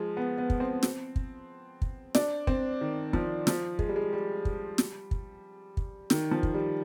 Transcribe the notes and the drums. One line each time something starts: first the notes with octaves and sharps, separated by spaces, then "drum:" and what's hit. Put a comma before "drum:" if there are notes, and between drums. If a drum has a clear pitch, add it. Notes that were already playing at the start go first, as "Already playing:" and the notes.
Already playing: F3 G#3
B3
B3
drum: kick
C4
drum: snare
drum: kick
drum: kick
D4, drum: snare
C4, drum: kick
D#3
F3, drum: kick
F3, drum: snare
G#3, drum: kick
G3
G#3
G3
drum: kick
drum: snare
drum: kick
drum: kick
D#3, drum: snare
F3
drum: kick
G3